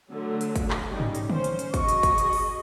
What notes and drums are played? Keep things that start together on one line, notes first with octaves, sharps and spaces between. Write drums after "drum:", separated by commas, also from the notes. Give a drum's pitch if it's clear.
D3 F#3 A3
drum: hi-hat
drum: kick, hi-hat
drum: clap
G3 C#4 D#4
drum: tom G#2
drum: hi-hat
C#4 C5, drum: tom D3
drum: hi-hat
drum: hi-hat
F#4 G#4 D#5 C#6, drum: kick, hi-hat
drum: hi-hat
drum: kick, hi-hat
drum: hi-hat
drum: open hi-hat